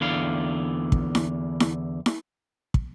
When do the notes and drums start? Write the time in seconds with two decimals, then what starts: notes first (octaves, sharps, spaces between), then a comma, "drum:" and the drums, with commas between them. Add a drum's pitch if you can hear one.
0.01 E2 D3 F5
0.92 drum: kick
1.15 drum: snare E4
1.60 drum: snare E4
2.06 drum: snare E4
2.74 drum: kick